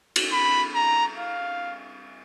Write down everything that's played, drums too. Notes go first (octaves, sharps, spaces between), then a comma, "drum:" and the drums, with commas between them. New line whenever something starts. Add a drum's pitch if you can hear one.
drum: cymbal
B5
A#5
F5